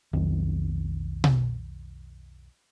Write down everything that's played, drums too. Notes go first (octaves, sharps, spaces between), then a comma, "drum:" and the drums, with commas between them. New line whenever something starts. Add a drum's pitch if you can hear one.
B1 F2 D#3
drum: tom B2